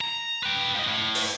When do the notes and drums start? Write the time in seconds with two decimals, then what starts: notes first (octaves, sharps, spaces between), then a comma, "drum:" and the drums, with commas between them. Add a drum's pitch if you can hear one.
0.01 A#5
0.43 B4 G5
0.75 F3 D#5
0.87 A2
1.15 drum: open hi-hat